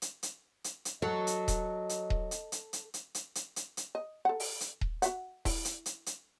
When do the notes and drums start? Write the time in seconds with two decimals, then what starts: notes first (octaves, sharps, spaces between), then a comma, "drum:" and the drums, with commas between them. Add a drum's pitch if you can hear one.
0.02 drum: hi-hat
0.23 drum: hi-hat
0.64 drum: hi-hat
0.85 drum: hi-hat
1.02 F#3 A4 D#5
1.27 drum: hi-hat
1.48 drum: kick D#1, hi-hat
1.89 drum: hi-hat
2.10 drum: kick D#1
2.31 drum: hi-hat
2.52 drum: hi-hat
2.73 drum: hi-hat
2.94 drum: hi-hat
3.15 drum: hi-hat
3.35 drum: hi-hat
3.56 drum: hi-hat
3.77 drum: hi-hat
3.95 D#5
4.25 A4 F#5
4.40 drum: open hi-hat
4.60 drum: hi-hat
4.81 drum: kick D#1
5.02 F#4 E5 F#5, drum: hi-hat
5.45 E4, drum: kick D#1, open hi-hat
5.65 drum: hi-hat
5.86 drum: hi-hat
6.06 drum: hi-hat